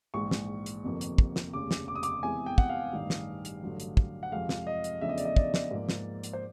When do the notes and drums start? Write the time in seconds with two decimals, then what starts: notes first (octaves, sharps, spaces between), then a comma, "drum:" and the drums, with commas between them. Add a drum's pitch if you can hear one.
0.14 A#1 G#2 E3 G#3 C#6
0.31 drum: snare
0.66 drum: hi-hat
0.84 G1 F2 C3 F3 A#3
1.01 drum: hi-hat
1.18 drum: kick
1.36 drum: snare
1.53 F1 D#2 C#3 D6
1.71 drum: snare
1.88 D6
1.95 D#6
2.03 D6, drum: hi-hat
2.23 E2 C3 E3 G#3 G#5
2.46 G5
2.58 F#5, drum: kick
2.69 F5
2.93 A1 G2 D#3 G3
3.10 drum: snare
3.45 drum: hi-hat
3.63 A1 G2 D3 F#3
3.80 drum: hi-hat
3.97 drum: kick
4.23 F#5
4.32 F2 C3 F3 G#3 F5
4.49 drum: snare
4.67 D#5
4.84 drum: hi-hat
5.01 E2 C#3 F3 A3 D4 E5
5.09 D#5
5.18 D5, drum: hi-hat
5.25 D#5
5.36 D5, drum: kick
5.54 drum: snare
5.71 G#2 F3 A#3
5.89 drum: snare
6.23 drum: hi-hat
6.33 C5